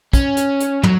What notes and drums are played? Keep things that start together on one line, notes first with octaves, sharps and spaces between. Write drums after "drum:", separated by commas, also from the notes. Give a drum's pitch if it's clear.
C#4, drum: kick, hi-hat
drum: hi-hat
drum: hi-hat
F#3, drum: tom